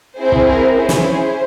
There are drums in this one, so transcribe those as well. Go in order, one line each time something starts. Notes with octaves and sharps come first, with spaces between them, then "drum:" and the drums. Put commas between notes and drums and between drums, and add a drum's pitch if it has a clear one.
C4 E4 G#4 C5
drum: kick
A#4
C#4 E4 G#4 C5
drum: snare
C5